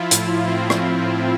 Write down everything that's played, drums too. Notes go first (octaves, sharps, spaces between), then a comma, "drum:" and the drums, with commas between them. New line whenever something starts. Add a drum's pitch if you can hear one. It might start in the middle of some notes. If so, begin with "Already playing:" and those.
Already playing: F3 E4 F4
A2, drum: hi-hat
F3 C4
drum: rim click